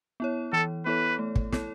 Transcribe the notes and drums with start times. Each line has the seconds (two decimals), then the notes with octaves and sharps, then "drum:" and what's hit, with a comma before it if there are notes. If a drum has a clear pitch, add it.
0.20 B3 E4 C#5
0.53 E3 A4
0.85 B3 E4 A4 B4 C#5
1.19 A3
1.36 drum: kick
1.52 E4 A4 C#5, drum: snare